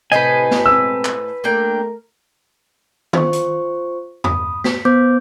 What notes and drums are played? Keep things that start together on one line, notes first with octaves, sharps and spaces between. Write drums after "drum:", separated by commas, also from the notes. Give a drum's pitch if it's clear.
A2 C3 B4 C5 D#5 G#5
drum: snare
B2 G#3 C4 E6
drum: clap
A3 A#3 D4 A#4 G5
F4 C5 C#6, drum: tom D#3
drum: hi-hat
B5 D#6, drum: tom E2
B6, drum: snare
B3 C5 D6 G6